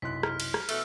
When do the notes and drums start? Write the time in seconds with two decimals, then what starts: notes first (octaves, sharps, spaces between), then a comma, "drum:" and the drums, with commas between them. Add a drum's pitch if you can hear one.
0.02 B1 F#2 C3 E4 C6 F#6 B6
0.23 F6, drum: rim click
0.40 drum: cymbal
0.54 drum: rim click
0.69 B2 E3 A3 E6 F6, drum: cymbal